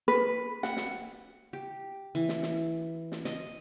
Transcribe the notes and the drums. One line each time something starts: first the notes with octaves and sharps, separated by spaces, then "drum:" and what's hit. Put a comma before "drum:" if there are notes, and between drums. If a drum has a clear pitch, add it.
B4
F#5, drum: snare
drum: snare
G4
E3
drum: snare
drum: snare
drum: snare
D#5, drum: snare